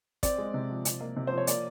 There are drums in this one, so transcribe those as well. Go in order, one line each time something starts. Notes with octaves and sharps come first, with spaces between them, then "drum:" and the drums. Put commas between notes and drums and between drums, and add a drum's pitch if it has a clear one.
C4 D5, drum: kick, hi-hat
G#3
C3
F3
C3, drum: hi-hat
A#3
C3
F3 C5
C#5
A#3 D5, drum: hi-hat